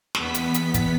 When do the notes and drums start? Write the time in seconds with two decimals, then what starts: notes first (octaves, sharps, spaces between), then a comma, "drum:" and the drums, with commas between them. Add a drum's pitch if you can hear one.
0.15 E2 B3 B6, drum: snare
0.34 drum: hi-hat
0.54 drum: hi-hat
0.74 drum: kick, hi-hat